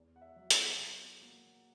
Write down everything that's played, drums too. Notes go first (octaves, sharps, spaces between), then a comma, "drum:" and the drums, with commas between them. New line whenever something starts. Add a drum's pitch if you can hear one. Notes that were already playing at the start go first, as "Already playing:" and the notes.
Already playing: E2
F#5
E5
F#3
F#5, drum: hi-hat
B2
A#3